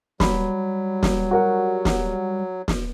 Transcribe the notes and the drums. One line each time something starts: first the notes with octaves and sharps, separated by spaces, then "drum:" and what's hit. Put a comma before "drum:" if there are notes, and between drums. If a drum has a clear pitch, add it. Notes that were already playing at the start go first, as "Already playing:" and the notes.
F#3 G3 B5, drum: snare
drum: snare
F#4 A#4 F#5
drum: snare
drum: snare